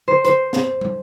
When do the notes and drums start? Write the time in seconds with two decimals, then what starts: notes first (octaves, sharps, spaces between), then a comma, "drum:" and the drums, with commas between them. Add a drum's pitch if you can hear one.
0.08 C5
0.25 C5, drum: hi-hat
0.53 drum: snare
0.81 drum: tom